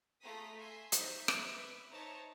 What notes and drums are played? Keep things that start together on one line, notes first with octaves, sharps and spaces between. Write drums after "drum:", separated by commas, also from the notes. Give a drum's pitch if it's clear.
A3 F4 G#4 A#5 D#6 B6
E5 G#5 C6
D#4 C5 E5, drum: hi-hat
drum: rim click
B4 E5
D#4 C5 C#5 E5 A5 A#5